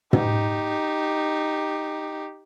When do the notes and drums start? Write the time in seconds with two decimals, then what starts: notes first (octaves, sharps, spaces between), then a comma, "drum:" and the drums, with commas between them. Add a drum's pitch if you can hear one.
0.13 D#4 G4, drum: tom